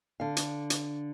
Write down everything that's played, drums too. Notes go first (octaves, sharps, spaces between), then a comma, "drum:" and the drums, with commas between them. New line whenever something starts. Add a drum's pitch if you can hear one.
D3 F5
drum: hi-hat
drum: hi-hat